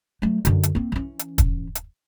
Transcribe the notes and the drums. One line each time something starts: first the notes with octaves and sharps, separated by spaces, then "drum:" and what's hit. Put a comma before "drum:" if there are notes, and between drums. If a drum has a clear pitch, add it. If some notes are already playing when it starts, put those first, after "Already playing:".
F#3 A3
F#2 D3, drum: hi-hat
drum: hi-hat
A#3 C4
E3 C#4
drum: hi-hat
drum: kick, hi-hat
drum: hi-hat